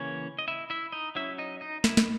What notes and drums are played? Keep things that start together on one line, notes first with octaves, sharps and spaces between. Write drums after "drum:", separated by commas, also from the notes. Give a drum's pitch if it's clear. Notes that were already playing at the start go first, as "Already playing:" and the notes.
Already playing: C#3 E3 A#3 C#4 C#5
D#5
E4 E5
E4 E5
D#4 D#5
F#3 C#4 E4 E5
D#4 D#5
D#4 D#5
E4 E5, drum: snare
drum: snare